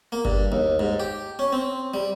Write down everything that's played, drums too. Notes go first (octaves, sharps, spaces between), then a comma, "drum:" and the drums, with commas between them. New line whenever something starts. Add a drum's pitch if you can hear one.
A#3
G2, drum: kick G1
D#2
G#2
G4
C#4
C4
G3